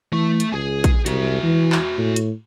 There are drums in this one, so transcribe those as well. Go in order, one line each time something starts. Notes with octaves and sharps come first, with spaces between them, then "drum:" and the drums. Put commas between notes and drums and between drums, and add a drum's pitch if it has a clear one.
E3 A3 E5
drum: hi-hat
C#2 G#4 G#5
drum: kick, hi-hat
C2 F#4 E5, drum: hi-hat
E3
drum: clap
A2
drum: hi-hat